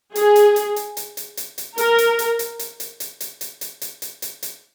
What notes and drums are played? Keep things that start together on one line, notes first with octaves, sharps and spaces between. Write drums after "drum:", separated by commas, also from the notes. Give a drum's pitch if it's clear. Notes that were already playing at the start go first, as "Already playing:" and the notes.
G#4, drum: hi-hat
drum: hi-hat
drum: hi-hat
drum: hi-hat
drum: hi-hat
drum: hi-hat
drum: hi-hat
drum: hi-hat
A#4, drum: hi-hat
drum: hi-hat
drum: hi-hat
drum: hi-hat
drum: hi-hat
drum: hi-hat
drum: hi-hat
drum: hi-hat
drum: hi-hat
drum: hi-hat
drum: hi-hat
drum: hi-hat
drum: hi-hat
drum: hi-hat